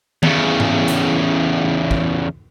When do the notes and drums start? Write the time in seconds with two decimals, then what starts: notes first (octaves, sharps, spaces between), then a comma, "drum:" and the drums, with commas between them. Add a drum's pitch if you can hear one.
0.23 E2 C#3, drum: tom D#3
0.60 drum: tom G#2
0.88 drum: hi-hat
1.91 drum: kick